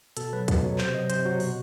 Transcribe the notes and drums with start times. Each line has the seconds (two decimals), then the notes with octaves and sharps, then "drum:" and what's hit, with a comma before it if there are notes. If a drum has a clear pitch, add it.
0.17 B2 A4, drum: hi-hat
0.33 F#3 B4
0.48 B2, drum: kick, hi-hat
0.64 F#3
0.78 C3 C5, drum: clap
0.94 F#3 D#5
1.10 C3 C5, drum: hi-hat
1.25 F#3 F#4
1.40 B2, drum: open hi-hat